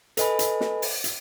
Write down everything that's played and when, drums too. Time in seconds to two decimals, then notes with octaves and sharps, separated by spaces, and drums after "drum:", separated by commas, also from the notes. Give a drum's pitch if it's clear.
0.17 A4 B4 D#5 G#5 B5, drum: hi-hat
0.39 drum: hi-hat
0.61 drum: snare
0.82 drum: open hi-hat
1.04 drum: hi-hat